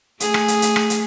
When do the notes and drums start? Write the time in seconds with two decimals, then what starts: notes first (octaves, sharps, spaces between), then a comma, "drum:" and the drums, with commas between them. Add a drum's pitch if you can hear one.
0.20 A3 G#4, drum: hi-hat
0.34 drum: rim click
0.48 drum: hi-hat
0.62 drum: hi-hat
0.76 drum: rim click
0.90 drum: hi-hat